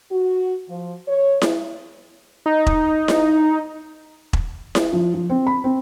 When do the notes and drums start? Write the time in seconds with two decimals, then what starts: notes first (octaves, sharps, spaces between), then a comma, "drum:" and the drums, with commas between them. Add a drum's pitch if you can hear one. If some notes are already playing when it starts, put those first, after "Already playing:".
0.11 F#4
0.69 F3
1.08 C#5
1.42 drum: snare E4
2.46 D#4
2.67 drum: kick E1
3.08 drum: snare E4
4.33 drum: kick E1
4.75 drum: snare E4
4.93 F3
5.14 F3
5.30 C4
5.47 B5
5.64 C4